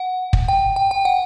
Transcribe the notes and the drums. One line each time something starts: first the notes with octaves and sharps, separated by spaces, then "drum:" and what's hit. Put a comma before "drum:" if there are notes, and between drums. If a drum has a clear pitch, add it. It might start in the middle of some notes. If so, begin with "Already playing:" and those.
Already playing: F#5
drum: kick
G5
G5
G5
F#5